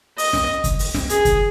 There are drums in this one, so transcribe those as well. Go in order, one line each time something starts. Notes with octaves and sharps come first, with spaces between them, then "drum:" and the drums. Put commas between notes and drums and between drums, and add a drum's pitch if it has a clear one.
D#5, drum: open hi-hat
drum: snare
drum: kick, hi-hat
drum: open hi-hat
drum: snare
G#4, drum: hi-hat
drum: kick, hi-hat